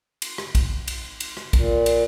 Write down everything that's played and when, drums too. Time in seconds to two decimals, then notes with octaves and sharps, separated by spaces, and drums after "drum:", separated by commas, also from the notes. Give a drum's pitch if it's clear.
0.22 drum: cymbal
0.38 drum: rim click
0.55 drum: kick, cymbal
0.88 drum: cymbal
1.20 drum: cymbal
1.37 drum: rim click
1.53 A#2, drum: kick, cymbal
1.86 drum: cymbal